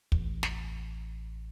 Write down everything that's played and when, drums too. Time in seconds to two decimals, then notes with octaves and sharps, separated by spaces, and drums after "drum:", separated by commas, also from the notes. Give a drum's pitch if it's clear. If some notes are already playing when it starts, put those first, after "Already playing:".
0.12 A1, drum: kick
0.43 drum: snare